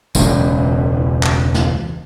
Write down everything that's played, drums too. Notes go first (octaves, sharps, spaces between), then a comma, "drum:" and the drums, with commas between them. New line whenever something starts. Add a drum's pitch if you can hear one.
E1 C#2 F#2, drum: tambourine
drum: clap
drum: snare